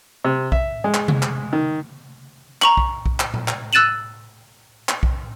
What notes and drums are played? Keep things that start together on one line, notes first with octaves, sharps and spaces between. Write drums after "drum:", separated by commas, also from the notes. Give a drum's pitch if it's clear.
C3
E5, drum: kick B1
G#3
drum: clap
drum: tom C3
drum: clap
D#3
A#5 C#6 F#7, drum: clap
drum: kick B1
drum: kick B1
drum: clap
drum: tom A#2
drum: clap
E6 F#6 A6 D#7 E7 F#7
drum: clap
drum: kick B1